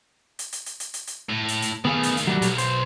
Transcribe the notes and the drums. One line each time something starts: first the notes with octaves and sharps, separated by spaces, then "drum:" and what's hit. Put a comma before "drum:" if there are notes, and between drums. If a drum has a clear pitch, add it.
drum: hi-hat
drum: hi-hat
drum: hi-hat
drum: hi-hat
drum: hi-hat
drum: hi-hat
A2
drum: hi-hat
drum: hi-hat
D#3 A3 B3 G#4 F5
drum: hi-hat
drum: hi-hat
F#3 G3 F#4
B1, drum: hi-hat
C5, drum: hi-hat